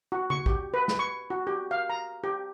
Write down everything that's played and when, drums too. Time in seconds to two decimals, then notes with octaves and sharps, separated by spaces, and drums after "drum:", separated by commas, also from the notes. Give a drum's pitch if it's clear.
0.12 F#4
0.30 C#6, drum: tom C#3
0.46 G4, drum: kick
0.74 B4
0.88 drum: snare
0.99 C#6
1.30 F#4
1.47 G4
1.71 F5
1.90 A#5
2.24 G4